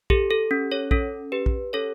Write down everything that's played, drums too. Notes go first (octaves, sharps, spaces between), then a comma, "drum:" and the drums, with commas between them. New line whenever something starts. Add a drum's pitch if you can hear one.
G4 A4, drum: kick A#1
A4
C#4
A4 C#5
C#4 A4, drum: kick A#1
G4 B4
drum: kick A#1
C#4 A4 C#5